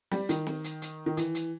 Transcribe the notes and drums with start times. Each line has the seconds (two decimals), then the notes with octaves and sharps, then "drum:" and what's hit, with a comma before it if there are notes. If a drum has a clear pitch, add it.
0.11 G3, drum: snare
0.29 D#3, drum: hi-hat
0.47 drum: snare
0.64 drum: hi-hat
0.82 drum: hi-hat
1.06 D#3
1.17 E3, drum: hi-hat
1.35 drum: hi-hat